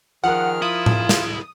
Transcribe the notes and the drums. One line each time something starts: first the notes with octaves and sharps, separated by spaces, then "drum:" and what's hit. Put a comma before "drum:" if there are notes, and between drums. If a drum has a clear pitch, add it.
D#3 F3 G#4 A#4 F#5 F6
E4 F4 D#6
drum: tom A2
drum: snare